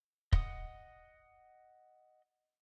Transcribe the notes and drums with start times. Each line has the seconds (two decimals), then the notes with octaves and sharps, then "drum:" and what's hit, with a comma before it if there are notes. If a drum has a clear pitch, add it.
0.32 D#5 F#5 D#6, drum: kick